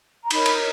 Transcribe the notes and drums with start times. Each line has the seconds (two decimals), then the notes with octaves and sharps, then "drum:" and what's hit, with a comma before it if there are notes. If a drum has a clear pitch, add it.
0.24 A#5
0.30 D#4 A#4 C#5 B5, drum: cymbal
0.46 drum: cymbal